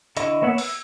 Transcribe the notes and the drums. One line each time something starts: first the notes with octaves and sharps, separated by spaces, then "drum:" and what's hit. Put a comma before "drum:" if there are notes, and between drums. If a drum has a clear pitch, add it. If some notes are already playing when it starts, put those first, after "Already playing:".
D3 E4 D#5 C#6, drum: hi-hat
A#3 B3 C#5 E5 F#5
E6, drum: open hi-hat